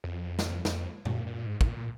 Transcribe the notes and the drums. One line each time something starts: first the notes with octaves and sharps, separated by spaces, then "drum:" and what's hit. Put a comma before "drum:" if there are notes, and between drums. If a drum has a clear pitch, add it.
F2
drum: snare
F2, drum: snare
A#2, drum: tom F#2
A#2
G#2
G#2, drum: kick
A#2